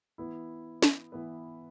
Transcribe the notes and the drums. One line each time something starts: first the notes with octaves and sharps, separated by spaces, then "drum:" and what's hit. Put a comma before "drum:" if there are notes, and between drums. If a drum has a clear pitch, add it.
E3 B3 E4 B4
drum: snare
E3 B3 E4 B4